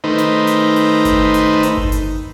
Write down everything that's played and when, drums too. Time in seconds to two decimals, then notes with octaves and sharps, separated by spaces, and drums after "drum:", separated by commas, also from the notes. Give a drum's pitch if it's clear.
0.04 D#3 A3 D#4 B4 C5
0.18 drum: snare
0.47 drum: hi-hat
0.76 drum: open hi-hat
1.05 drum: kick G1, hi-hat
1.34 drum: hi-hat
1.63 drum: hi-hat
1.77 drum: kick G1
1.92 drum: hi-hat